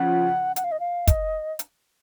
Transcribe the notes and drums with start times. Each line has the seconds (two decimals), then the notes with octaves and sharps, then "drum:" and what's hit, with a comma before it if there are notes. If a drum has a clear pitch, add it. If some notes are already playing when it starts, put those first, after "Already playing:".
Already playing: C#3 F3 F#5
0.56 F#5, drum: hi-hat
0.64 F5
0.72 D#5
0.80 F5
1.07 D#5, drum: kick, hi-hat
1.59 drum: hi-hat